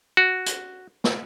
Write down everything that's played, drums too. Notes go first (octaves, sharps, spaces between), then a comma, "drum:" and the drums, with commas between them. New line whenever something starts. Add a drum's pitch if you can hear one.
F#4
drum: hi-hat
drum: snare